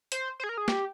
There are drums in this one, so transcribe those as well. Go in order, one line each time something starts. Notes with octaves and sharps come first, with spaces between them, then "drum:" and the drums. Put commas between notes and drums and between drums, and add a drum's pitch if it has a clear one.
C5, drum: hi-hat
C5
G#4
A#4
G#4
G4, drum: snare